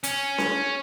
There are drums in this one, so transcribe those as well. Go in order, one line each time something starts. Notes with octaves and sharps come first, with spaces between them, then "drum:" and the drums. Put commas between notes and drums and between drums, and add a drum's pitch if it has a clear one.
C#4, drum: hi-hat
drum: snare C#4